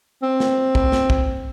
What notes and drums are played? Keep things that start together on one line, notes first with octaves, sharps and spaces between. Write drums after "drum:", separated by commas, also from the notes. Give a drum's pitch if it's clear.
C4
drum: snare
drum: kick
drum: snare
drum: kick